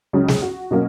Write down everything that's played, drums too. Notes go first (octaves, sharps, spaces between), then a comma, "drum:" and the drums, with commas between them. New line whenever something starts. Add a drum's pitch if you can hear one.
C#2 C#3 F#3 C#4
G#4, drum: snare
F#4
B2 F#3 A#3 C#4